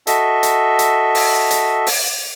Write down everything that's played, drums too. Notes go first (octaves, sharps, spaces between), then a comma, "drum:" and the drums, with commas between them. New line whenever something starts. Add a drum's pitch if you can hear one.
F#4 A4 D#5 E5, drum: hi-hat
drum: hi-hat
drum: hi-hat
drum: open hi-hat
drum: hi-hat
drum: open hi-hat